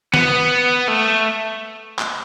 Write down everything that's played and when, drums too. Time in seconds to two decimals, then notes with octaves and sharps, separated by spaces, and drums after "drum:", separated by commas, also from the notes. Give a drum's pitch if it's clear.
0.14 B3, drum: snare
0.88 A3
1.99 drum: clap